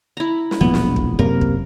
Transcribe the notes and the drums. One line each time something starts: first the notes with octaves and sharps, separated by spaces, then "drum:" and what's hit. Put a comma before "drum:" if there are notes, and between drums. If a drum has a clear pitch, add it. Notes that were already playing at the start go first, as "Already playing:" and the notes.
E4 A#5
drum: snare
E1 A#1 E3 F#3 A3 B3
drum: snare
drum: kick
F#2 C3 A#3 A#4
drum: kick